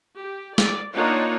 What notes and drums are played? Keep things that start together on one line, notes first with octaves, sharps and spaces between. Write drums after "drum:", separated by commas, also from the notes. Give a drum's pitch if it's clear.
G4
D5, drum: snare
A#3 D4 D#4 F4 C#5 F#5